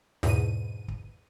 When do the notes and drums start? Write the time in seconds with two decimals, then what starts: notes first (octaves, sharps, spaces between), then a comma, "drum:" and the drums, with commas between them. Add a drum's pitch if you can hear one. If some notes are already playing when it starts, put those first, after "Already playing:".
0.23 E2 G#2 B2 D#7, drum: snare
0.88 drum: kick